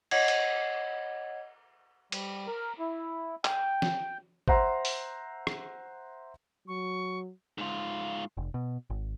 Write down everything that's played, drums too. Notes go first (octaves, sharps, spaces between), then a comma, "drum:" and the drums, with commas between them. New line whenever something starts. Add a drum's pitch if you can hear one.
C#5 D#5 F#5 G#6, drum: cymbal
drum: cymbal
G3, drum: cymbal
A#4
E4
G5, drum: clap
drum: snare
C5 E5 F#5 A#5 C6, drum: kick G#1
drum: open hi-hat
drum: rim click
F#3 C#6
G#2 F4
F1
B2
G#1